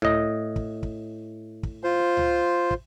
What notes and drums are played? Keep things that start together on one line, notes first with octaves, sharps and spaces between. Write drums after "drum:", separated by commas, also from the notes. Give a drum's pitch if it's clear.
A2 D#5, drum: tom C#2
drum: kick
drum: kick
drum: kick
F4 C5
drum: tom C#2
drum: kick